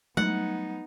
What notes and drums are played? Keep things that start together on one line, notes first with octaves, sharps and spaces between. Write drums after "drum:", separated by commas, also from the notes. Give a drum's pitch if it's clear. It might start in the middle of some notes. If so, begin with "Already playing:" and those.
F#3 G3 A3 B3 D#4 F#5, drum: tom G#3